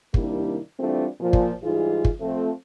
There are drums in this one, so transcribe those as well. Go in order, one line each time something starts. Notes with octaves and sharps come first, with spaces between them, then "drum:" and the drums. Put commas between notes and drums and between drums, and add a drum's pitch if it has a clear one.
C3 D#3 G3 A#3 D4 E4, drum: kick
E3 G3 A3 C4 D4 F4
A#2 F3
drum: kick
G#2 E3 G3 D#4 F4 G#4
drum: kick
F3 A3 C4